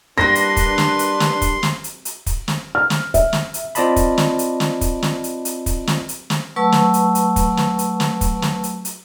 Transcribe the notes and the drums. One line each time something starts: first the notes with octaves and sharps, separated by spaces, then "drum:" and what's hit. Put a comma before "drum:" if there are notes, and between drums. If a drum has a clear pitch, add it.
G3 A#3 D4 B4 C6 A#6
drum: hi-hat
drum: kick, hi-hat
drum: snare
drum: hi-hat
drum: snare
drum: kick, hi-hat
drum: snare
drum: hi-hat
drum: hi-hat
drum: kick, hi-hat
drum: snare
F6
drum: snare
E5, drum: kick, hi-hat
drum: snare
drum: hi-hat
C4 F4 D5 D#5 A5 B5, drum: hi-hat
drum: kick, hi-hat
drum: snare
drum: hi-hat
drum: snare
drum: kick, hi-hat
drum: snare
drum: hi-hat
drum: hi-hat
drum: kick, hi-hat
drum: snare
drum: hi-hat
drum: snare
F#3 A3 B4 A5 C#6 E6
drum: snare
drum: hi-hat
drum: hi-hat
drum: kick, hi-hat
drum: snare
drum: hi-hat
drum: snare
drum: kick, hi-hat
drum: snare
drum: hi-hat
drum: hi-hat